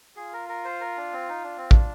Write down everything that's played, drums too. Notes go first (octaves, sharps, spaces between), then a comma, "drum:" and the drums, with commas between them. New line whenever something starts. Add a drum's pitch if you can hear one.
F4 G#4
A#4
A#4
C5
A#4
D4
C4
D#4
D4
C4
D4, drum: kick A1